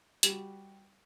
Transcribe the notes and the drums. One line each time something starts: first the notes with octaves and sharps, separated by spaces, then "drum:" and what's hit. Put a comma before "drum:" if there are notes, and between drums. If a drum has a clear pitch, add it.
G3 F#4, drum: hi-hat